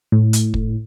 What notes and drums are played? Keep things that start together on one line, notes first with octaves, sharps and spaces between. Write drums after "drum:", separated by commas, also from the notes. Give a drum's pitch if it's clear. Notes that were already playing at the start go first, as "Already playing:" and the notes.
A2
drum: hi-hat
drum: kick